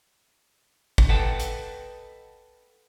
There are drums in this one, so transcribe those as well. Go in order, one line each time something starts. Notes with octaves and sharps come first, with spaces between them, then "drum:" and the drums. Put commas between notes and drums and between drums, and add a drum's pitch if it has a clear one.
drum: kick G1
A4 B4 D#5 F#5 G5 A5
drum: hi-hat